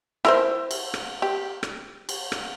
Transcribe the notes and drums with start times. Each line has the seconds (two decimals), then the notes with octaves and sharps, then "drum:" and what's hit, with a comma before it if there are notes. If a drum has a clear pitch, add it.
0.25 E4 A#4 C5, drum: rim click
0.71 drum: cymbal
0.94 drum: rim click
1.22 G4
1.63 drum: rim click
2.09 drum: cymbal
2.32 drum: rim click